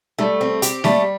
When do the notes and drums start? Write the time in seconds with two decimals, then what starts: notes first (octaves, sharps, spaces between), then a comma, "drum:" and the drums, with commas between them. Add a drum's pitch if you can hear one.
0.19 G3 A3
0.41 C4
0.62 G4, drum: hi-hat
0.84 G3 A3, drum: snare A#3